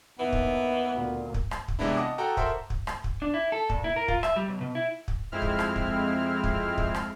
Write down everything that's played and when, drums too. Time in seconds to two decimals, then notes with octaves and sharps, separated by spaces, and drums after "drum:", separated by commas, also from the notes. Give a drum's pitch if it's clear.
0.19 D#2 E3 B3
0.32 drum: kick
0.92 D2 A#2
1.34 drum: kick
1.51 drum: rim click
1.68 drum: kick
1.79 C3 E3 G#3 B3 D4 E4
1.97 D#5 F#5 A5 D6 D#6
2.18 F#4 A4 G5 A#5
2.37 F#4 A4 A#4 C5 E5, drum: kick
2.70 drum: kick
2.87 drum: rim click
3.04 drum: kick
3.22 D4
3.34 E4
3.52 A4
3.69 A#2, drum: kick
3.84 E4
3.96 A#4
4.08 F4, drum: kick
4.23 E5, drum: rim click
4.36 G3
4.48 B1
4.61 B2
4.75 E4
5.08 drum: kick
5.32 F2 G#3 C4 E4 F6
5.42 drum: kick
5.59 drum: rim click
5.76 drum: kick
6.44 drum: kick
6.78 drum: kick
6.95 drum: rim click